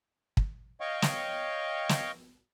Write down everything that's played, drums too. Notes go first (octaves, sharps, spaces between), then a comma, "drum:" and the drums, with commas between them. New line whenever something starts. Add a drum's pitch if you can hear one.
drum: kick
C#5 D#5 F5 G5 C#6
drum: snare
drum: snare